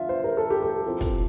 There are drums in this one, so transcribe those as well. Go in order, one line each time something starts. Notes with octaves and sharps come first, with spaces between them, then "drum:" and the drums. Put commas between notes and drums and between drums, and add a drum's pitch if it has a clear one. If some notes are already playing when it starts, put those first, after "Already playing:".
Already playing: F3 D4 F4 E5
C5
A#4
A4
G4
A4
F3 C4 E4
drum: kick, hi-hat